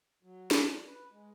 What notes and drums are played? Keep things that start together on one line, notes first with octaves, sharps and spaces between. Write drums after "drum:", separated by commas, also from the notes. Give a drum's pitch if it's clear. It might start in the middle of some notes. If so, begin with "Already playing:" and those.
F#3
D4, drum: snare
B4
G#3